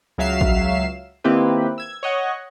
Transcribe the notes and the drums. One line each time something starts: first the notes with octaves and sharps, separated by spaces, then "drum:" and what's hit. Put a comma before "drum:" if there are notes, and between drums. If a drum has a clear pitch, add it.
C#2 F#3 E5 F5 C7 E7
drum: kick A1
D#3 A#3 C4 E4 G4 B4
E6 G#6
C#5 D#5 F#5